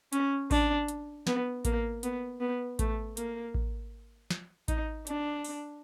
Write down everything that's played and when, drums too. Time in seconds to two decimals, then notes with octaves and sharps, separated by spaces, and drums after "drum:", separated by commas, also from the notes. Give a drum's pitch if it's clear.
0.13 C#4, drum: hi-hat
0.51 D4, drum: kick A1, open hi-hat
0.88 drum: hi-hat
1.27 B3, drum: snare
1.65 A#3, drum: kick A1, hi-hat
2.03 B3, drum: hi-hat
2.40 B3
2.79 A3, drum: kick A1, hi-hat
3.17 A#3, drum: hi-hat
3.54 drum: kick A1
4.30 drum: snare
4.68 D#4, drum: kick A1, hi-hat
5.07 D4, drum: hi-hat
5.44 drum: open hi-hat